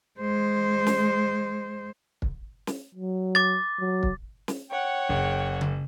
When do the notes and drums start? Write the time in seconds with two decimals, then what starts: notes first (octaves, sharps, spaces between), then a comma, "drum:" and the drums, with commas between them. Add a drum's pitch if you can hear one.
0.19 G#3 C5
0.87 drum: snare
2.22 drum: kick
2.67 drum: snare
2.95 F#3
3.35 D6 A6
3.80 F#3
4.03 drum: kick
4.48 drum: snare
4.70 C#5 F#5 G5
5.09 F#1
5.61 drum: tom C#3